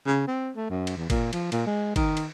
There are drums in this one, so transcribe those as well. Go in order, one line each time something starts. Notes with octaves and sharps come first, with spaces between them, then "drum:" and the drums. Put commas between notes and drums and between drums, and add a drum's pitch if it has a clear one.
C#3
C4
A3
F#2
drum: cymbal
E2
A#2, drum: kick, cymbal
F3, drum: cymbal
A#2, drum: cymbal
G#3
D#3, drum: kick, cymbal
drum: cymbal